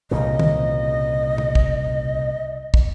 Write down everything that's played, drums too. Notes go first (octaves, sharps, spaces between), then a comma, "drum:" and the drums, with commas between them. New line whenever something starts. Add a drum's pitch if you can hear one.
C2 A#2 C#3 D#5
drum: tom
drum: tom
drum: kick
drum: kick